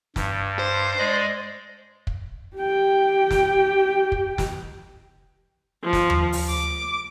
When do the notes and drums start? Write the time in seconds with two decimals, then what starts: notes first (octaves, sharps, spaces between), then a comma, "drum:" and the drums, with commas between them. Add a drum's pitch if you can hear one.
0.16 G2, drum: snare
0.59 C5
0.98 G#3 D5 D#5
2.07 drum: kick
2.57 G4 G5
3.31 drum: snare
4.12 drum: kick
4.38 drum: snare
5.83 F3
5.93 drum: snare
6.10 drum: tom D#2
6.33 drum: open hi-hat
6.50 D6